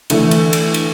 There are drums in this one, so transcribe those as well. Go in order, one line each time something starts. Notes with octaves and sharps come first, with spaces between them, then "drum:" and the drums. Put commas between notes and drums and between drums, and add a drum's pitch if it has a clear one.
D3 E3 A3, drum: cymbal
drum: cymbal
drum: cymbal
drum: cymbal